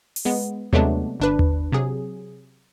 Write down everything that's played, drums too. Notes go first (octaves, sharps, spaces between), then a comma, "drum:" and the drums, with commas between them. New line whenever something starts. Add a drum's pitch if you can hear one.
drum: open hi-hat
G#3 B3
C3 F#3 G#3 A3 B3 D4, drum: tom D#2
G1 D4 B4
drum: tom D#2
C3 F#3 G#4